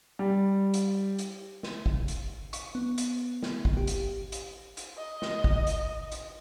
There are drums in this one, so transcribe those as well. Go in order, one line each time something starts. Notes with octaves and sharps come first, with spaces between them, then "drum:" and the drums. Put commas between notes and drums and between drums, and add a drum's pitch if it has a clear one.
G3
drum: hi-hat
drum: hi-hat
drum: snare
drum: kick
drum: hi-hat
C#6, drum: hi-hat
B3
drum: hi-hat
drum: snare
drum: kick
G4
drum: hi-hat
drum: hi-hat
drum: hi-hat
D#5
drum: snare
drum: kick
drum: hi-hat
drum: hi-hat